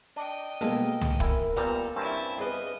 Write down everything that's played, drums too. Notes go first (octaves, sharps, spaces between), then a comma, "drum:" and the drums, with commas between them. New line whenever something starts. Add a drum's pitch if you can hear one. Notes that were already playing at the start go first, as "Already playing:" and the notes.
D4 D#5 G5
B2 G#3 A#3 A4, drum: hi-hat
drum: tom
E4 A#4 G#5, drum: kick
A#2 G3 B3 A4 A#5, drum: hi-hat
G2 C4 C#4 E4 B4 A5
G#4 B4 D#5 F5 D6 G6